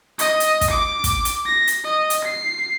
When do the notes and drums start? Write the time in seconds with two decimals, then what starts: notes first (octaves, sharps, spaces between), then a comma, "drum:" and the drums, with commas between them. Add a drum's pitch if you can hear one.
0.19 D#5, drum: hi-hat
0.40 drum: hi-hat
0.61 drum: kick, hi-hat
0.70 D6
1.04 drum: kick, hi-hat
1.25 drum: hi-hat
1.46 A#6
1.67 drum: hi-hat
1.84 D#5
2.10 drum: hi-hat
2.24 C7